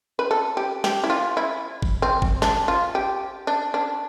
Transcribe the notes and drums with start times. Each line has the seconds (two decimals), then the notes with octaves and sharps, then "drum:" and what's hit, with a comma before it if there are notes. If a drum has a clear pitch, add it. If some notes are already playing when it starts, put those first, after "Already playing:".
0.19 B4
0.31 A4
0.57 G4
0.84 G4, drum: snare
1.04 E4
1.10 F4
1.37 E4
1.82 drum: kick G1
2.02 C4
2.22 drum: kick G1
2.42 D4, drum: snare
2.68 F4
2.95 G4
3.47 D4
3.74 D4